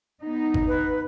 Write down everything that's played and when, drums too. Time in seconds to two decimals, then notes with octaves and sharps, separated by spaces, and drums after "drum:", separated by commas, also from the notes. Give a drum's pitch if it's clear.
0.22 B3 D#4
0.54 drum: kick G#1
0.68 B4